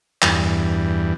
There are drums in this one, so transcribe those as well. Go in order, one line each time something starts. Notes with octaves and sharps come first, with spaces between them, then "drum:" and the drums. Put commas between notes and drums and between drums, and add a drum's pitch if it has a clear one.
E2 G2, drum: clap